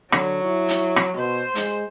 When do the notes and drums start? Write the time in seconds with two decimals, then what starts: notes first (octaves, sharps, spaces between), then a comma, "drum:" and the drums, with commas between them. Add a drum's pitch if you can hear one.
0.12 D3 F#3, drum: rim click
0.44 E4
0.68 drum: hi-hat
0.96 drum: rim click
1.17 B2 C5
1.55 G#3, drum: hi-hat